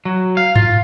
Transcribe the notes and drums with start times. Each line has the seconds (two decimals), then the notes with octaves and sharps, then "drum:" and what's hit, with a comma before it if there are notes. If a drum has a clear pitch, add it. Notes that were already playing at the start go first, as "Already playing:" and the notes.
0.05 F#3
0.37 F5
0.56 F4, drum: tom G2